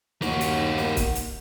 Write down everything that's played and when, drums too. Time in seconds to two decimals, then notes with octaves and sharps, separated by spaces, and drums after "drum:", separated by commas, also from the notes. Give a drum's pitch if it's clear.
0.22 D#2 A#3 F#4, drum: snare
0.41 drum: hi-hat
0.78 drum: snare
0.97 drum: kick C#1, hi-hat
1.15 drum: hi-hat